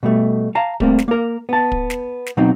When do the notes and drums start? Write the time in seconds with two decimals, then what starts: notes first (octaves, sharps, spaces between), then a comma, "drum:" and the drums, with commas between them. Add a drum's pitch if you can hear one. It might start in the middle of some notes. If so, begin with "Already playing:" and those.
0.03 B2 G3 A3
0.55 F5 A5 A#5
0.80 G3 A3 A#3 C4, drum: kick
0.98 drum: snare
1.08 A#3 A#4
1.49 B3 A5
1.72 drum: kick
1.90 drum: snare
2.26 drum: snare
2.37 B2 F#3 C4 D#4